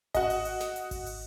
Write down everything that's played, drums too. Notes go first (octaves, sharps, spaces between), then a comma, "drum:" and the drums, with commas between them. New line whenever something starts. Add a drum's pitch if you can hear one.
F#4 D#5, drum: kick G#1, hi-hat
drum: open hi-hat
drum: hi-hat
drum: snare
drum: hi-hat
drum: kick G#1, open hi-hat
drum: open hi-hat